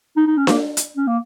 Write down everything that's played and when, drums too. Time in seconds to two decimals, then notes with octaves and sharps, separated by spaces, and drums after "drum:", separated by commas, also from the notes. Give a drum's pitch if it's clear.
0.17 D#4
0.27 D#4
0.37 C#4
0.47 A#3, drum: snare D4
0.77 drum: hi-hat
0.97 C#4
1.07 A#3